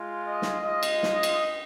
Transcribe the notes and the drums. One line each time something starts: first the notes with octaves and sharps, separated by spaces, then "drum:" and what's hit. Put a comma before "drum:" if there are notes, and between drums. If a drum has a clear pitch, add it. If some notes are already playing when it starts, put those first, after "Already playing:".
Already playing: G#3 F4
D#5
drum: snare
G#3 F4 D#5
drum: cymbal
drum: snare
drum: cymbal